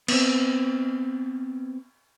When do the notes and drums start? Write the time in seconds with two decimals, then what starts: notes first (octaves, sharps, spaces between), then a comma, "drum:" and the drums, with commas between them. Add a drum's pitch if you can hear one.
0.08 B3 C4, drum: cymbal